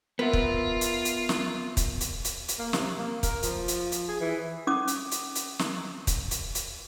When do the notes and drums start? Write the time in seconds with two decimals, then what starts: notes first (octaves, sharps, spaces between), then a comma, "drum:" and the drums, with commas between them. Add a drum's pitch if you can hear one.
0.19 B3 F4 A#4 E5
0.33 drum: kick
0.81 drum: hi-hat
1.05 drum: hi-hat
1.29 drum: snare
1.77 drum: kick, hi-hat
2.01 drum: hi-hat
2.25 drum: hi-hat
2.49 drum: hi-hat
2.59 A#3
2.73 C3, drum: snare
2.96 A#3
3.23 A#4, drum: kick, hi-hat
3.43 F3, drum: hi-hat
3.68 drum: hi-hat
3.92 drum: hi-hat
4.08 G#4
4.20 E3
4.67 C#4 D6 D#6
4.88 drum: hi-hat
5.12 drum: hi-hat
5.35 drum: hi-hat
5.59 drum: snare
6.07 drum: kick, hi-hat
6.31 drum: hi-hat
6.55 drum: hi-hat